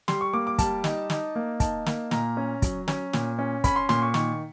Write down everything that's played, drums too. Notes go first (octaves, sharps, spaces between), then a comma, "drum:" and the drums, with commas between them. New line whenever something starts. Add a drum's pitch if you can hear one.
G3 C6, drum: snare
C#6
A#3 D6
D6
G3 A5, drum: kick, hi-hat
D#4, drum: snare
D#4, drum: snare
A#3
D#4 A5, drum: kick, hi-hat
A#3, drum: snare
A#2 A#5, drum: snare
C#4
F#3, drum: kick, hi-hat
C#4, drum: snare
A#2, drum: snare
C#4
C#4 B5, drum: kick, hi-hat
C6
A#2 C6, drum: snare
C#6
D#3 C#6, drum: snare